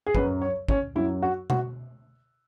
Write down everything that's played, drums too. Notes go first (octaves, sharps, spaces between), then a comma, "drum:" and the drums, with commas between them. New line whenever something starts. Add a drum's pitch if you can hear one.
G#4
F#2 F#3 B4, drum: kick
C#5
C#4, drum: kick
F#2 F#3 E4
F#4
F#4, drum: tom B2